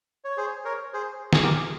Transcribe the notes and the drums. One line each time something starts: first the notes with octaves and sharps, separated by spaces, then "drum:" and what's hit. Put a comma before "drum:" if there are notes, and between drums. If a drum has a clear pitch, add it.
C#5
G#4 C5
A#4 C#5
G#4 C5
G#4, drum: snare
G4 A#4